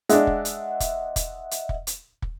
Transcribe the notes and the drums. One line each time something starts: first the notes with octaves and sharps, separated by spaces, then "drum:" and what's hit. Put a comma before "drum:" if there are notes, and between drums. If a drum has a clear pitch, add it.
G#3 D4 D#5 E5 F#5, drum: hi-hat
drum: kick
drum: hi-hat
drum: kick, hi-hat
drum: kick, hi-hat
drum: hi-hat
drum: kick
drum: hi-hat
drum: kick